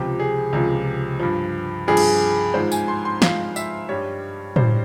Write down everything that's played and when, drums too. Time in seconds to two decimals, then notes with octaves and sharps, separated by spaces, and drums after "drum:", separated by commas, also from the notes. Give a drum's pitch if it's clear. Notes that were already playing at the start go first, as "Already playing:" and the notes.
Already playing: C#2 C3 F3 G4
0.20 G#4
0.53 C#2 C3 F3
1.20 G2 F3
1.88 G2 F3 G#4
1.97 drum: cymbal
2.54 G#2 F3 C5
2.72 G#5, drum: tambourine
2.88 C6
3.05 C6
3.22 G#2 F3 F5, drum: snare
3.56 E5, drum: tambourine
3.89 G2 G3 C#5
4.56 G2 G3 C5, drum: tom A2